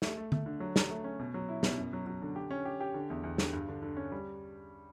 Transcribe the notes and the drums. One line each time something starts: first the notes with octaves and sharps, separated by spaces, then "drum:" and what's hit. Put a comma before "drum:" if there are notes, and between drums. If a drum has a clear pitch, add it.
A3, drum: snare
A3
A3, drum: tom D3
D3
F#3
F#3, drum: snare
A3
C#4
B2
F#3
E4
B2, drum: snare
F#2
F#3
F#3
D3
G4
C#4
G4
G4
D3
E2
E2
D3, drum: snare
G2
D3
D3
C#4
G3